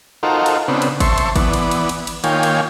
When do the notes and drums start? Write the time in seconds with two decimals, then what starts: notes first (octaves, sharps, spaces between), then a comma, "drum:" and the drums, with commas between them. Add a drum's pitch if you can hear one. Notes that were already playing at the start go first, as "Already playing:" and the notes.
0.23 D#4 F4 F#4 A4 A#4 C5
0.46 drum: cymbal
0.68 C#3 B3 C4 D4
0.82 drum: cymbal
1.00 C5 E5 A5 C6 C#6, drum: kick G#1, cymbal
1.18 drum: cymbal
1.36 E3 B3 D5, drum: kick G#1, cymbal
1.53 drum: cymbal
1.71 drum: cymbal
1.89 drum: cymbal
2.07 drum: cymbal
2.24 D#3 A#3 F4 C#5 G5 G#5, drum: cymbal
2.43 drum: cymbal